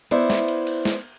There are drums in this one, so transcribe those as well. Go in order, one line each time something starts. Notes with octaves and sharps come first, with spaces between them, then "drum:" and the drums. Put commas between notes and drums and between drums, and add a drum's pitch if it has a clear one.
B3 E4 C5 D5, drum: cymbal
drum: snare
drum: cymbal
drum: cymbal
drum: snare